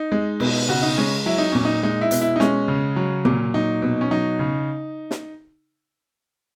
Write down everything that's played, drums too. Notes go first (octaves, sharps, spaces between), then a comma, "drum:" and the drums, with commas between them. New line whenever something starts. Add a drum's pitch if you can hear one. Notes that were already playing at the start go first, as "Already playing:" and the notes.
Already playing: D#4
G#3
B2, drum: cymbal
C#3 F#4
D#4
G#3 C#4
F#3 E4
D#4
A#2 C#4
D#4
G#3 D#4
E4
B2, drum: hi-hat
E4
D#4
G#3 C#4, drum: snare
C#3
F#3
A#2, drum: tom C3
F#3 D#4
B2
C#4
F#3 D#4
C#3
drum: snare